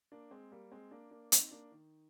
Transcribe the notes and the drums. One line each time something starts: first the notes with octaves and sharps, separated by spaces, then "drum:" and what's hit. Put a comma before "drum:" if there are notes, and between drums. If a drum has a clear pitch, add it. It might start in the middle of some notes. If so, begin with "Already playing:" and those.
A#3 D4
G#3 C4
G3 A#3
G#3 C4
A#3 D4
A#3 D4
C4 D#4, drum: hi-hat
A#3 D4
D#3